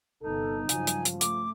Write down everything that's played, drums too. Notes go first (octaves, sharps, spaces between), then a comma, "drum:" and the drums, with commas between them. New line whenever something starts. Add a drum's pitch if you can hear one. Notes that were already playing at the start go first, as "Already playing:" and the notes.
G1 C3 B3 D#4 A4
G2 C#3 F3 F#3 G#5, drum: hi-hat
drum: hi-hat
drum: hi-hat
A3 D6, drum: hi-hat